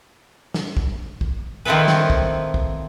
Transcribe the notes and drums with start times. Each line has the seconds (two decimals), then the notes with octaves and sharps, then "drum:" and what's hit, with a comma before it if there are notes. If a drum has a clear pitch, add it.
0.54 drum: snare
0.77 drum: kick
1.21 drum: kick
1.65 D#3 F3 C4 E4 A4 B4
1.88 drum: snare
2.10 drum: kick
2.54 drum: kick